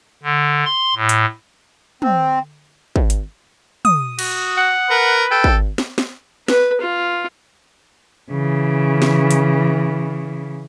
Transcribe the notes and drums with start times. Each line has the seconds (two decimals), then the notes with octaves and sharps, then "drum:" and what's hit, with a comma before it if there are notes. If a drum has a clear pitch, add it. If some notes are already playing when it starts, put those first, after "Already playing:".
0.23 D3
0.65 C6
0.96 A2
1.09 drum: hi-hat
2.02 C4, drum: tom
2.96 drum: kick
3.10 drum: hi-hat
3.85 D#6, drum: tom
4.19 F#4, drum: cymbal
4.57 F#5
4.90 A#4 B4
5.31 A4 G5
5.44 drum: kick
5.78 drum: snare
5.98 drum: snare
6.48 B4, drum: snare
6.82 F4
8.31 C#3 E3
9.02 drum: snare
9.31 drum: hi-hat